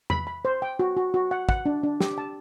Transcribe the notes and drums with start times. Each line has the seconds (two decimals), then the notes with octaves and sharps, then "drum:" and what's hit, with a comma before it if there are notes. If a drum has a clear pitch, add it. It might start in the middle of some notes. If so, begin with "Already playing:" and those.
0.10 B5, drum: tom E2
0.27 B5
0.45 C5
0.62 G5
0.79 F#4
0.97 F#4
1.14 F#4
1.31 F#5
1.49 F#5, drum: kick
1.66 D4
1.83 D4
2.01 G4, drum: snare
2.18 A5